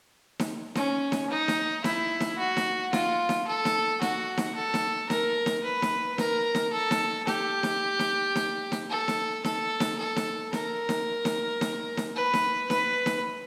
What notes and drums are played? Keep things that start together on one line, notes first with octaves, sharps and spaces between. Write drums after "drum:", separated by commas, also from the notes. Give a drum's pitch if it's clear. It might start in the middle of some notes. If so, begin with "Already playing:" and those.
drum: snare D#4
C#4, drum: snare D#4
drum: snare D#4
D#4
drum: snare D#4
E4, drum: snare D#4
drum: snare D#4
F#4
drum: snare D#4
F4, drum: snare D#4
drum: snare D#4
A4
drum: snare D#4
F#4, drum: snare D#4
drum: snare D#4
A4
drum: snare D#4
A#4, drum: snare D#4
drum: snare D#4
B4
drum: snare D#4
A#4, drum: snare D#4
drum: snare D#4
A4
drum: snare D#4
G4, drum: snare D#4
drum: snare D#4
drum: snare D#4
drum: snare D#4
drum: snare D#4
A4
drum: snare D#4
A4, drum: snare D#4
drum: snare D#4
A4
drum: snare D#4
A#4, drum: snare D#4
drum: snare D#4
drum: snare D#4
drum: snare D#4
drum: snare D#4
B4
drum: snare D#4
B4, drum: snare D#4
drum: snare D#4